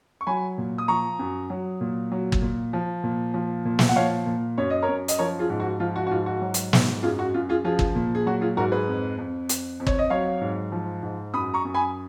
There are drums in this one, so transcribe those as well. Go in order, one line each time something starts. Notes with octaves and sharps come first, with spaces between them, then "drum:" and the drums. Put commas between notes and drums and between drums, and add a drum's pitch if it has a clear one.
C#6
F#3 G#5 B5
A#2
D#6
F3 A#5 C#6
F#2
F#3
A#2
F#3
drum: kick
A#2
F3
A#2
F3
A#2
drum: snare
F#5
F3 C#5 F5
A#2
F#2 C#5
D#5
A#4 C#5
F#2
D#5, drum: hi-hat
F3 A#4 C#5
F4 G#4
G#2
F#4
F3 F4
F#4
F#4
G#2 F4
F#4
F#3
drum: hi-hat
G#2, drum: snare
F#2 F4 G#4
F#4
F#2 F4
F4 G#4
F3 F4 G#4
drum: kick
A#2
G#4
F#3 F#4
F4 G#4
G#2 F#4 A#4
G#4 B4
F2
F2
F2, drum: hi-hat
F2
C#5, drum: kick
D#5
F#3 C#5 F5
G#2
F3
G#2
F#2 B5 D#6
A#5 C#6
F#2
G#5 B5